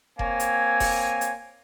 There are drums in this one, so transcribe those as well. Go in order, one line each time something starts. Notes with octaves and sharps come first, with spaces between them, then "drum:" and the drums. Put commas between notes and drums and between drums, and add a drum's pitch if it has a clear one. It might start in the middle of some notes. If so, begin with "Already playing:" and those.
A#3 C4 C#5 G#5, drum: kick F1
drum: hi-hat
drum: kick F1, open hi-hat
drum: hi-hat